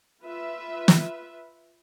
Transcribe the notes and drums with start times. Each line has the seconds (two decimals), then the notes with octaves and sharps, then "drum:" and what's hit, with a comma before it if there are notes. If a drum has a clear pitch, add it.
0.22 F4 B4 E5
0.88 drum: snare